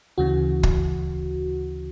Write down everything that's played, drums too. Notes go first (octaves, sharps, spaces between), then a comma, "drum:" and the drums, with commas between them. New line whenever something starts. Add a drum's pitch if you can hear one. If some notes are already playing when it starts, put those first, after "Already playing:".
D2 C#3 E3 F#4
drum: kick